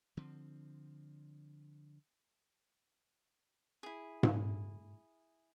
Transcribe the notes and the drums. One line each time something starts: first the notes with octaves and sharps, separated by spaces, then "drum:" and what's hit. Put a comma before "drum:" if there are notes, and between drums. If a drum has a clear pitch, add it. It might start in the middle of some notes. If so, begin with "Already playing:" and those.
D3 F3 C4
E4 G#4
drum: tom G#2